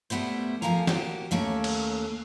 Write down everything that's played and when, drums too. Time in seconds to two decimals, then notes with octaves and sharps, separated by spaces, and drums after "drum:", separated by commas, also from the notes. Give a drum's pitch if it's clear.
0.10 G3 A3 B3 E4 C5
0.62 F2 F3 A#3 F5 G#5 A#5
0.87 A#3 F#4 G4, drum: snare
1.31 D#2 A3 A#3 C#4
1.64 drum: cymbal